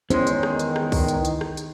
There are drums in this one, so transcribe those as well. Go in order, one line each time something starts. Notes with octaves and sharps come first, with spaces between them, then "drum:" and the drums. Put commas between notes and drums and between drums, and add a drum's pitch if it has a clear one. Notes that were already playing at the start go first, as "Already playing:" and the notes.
E2 D#3 G#3 C#4 C5, drum: hi-hat
drum: hi-hat
drum: rim click
drum: hi-hat
drum: rim click
drum: kick C2, open hi-hat
drum: hi-hat
drum: hi-hat
drum: rim click
drum: hi-hat